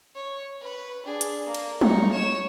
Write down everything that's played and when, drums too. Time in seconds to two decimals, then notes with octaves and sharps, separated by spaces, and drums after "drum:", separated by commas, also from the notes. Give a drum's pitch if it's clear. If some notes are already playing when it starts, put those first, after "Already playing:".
0.15 C#5
0.61 B4
1.05 D4 G#4
1.21 drum: hi-hat
1.45 A#3
1.54 drum: cymbal
1.81 D#4 C#6, drum: tom
2.12 C#5 E7